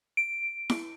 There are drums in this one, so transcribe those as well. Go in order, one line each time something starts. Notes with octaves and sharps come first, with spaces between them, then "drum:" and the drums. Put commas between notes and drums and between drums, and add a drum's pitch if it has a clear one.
D7
drum: snare E4